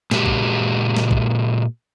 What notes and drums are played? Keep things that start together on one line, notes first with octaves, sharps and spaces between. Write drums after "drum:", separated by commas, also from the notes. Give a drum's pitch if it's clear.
A#2 G#3 F#4 G4, drum: snare
drum: kick
drum: snare
drum: kick